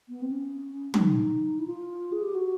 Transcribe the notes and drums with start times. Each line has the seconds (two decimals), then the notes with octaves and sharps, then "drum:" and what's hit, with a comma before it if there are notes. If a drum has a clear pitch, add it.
0.09 B3
0.22 C4
0.31 C#4
0.94 D4, drum: tom
0.99 D#4
1.59 E4
1.67 F4
2.12 G#4
2.23 G4
2.34 F#4